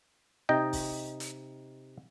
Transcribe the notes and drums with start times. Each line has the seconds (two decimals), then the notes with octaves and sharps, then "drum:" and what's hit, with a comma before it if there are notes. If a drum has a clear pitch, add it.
0.49 C3 D#4 D#5 G5
0.73 drum: kick, open hi-hat
1.20 drum: hi-hat